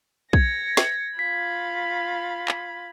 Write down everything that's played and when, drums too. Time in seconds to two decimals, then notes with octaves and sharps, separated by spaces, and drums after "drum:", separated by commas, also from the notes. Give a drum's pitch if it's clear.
0.33 G#6 A#6 C#7, drum: kick
0.77 drum: snare
1.19 F4 B5 B6
2.48 drum: clap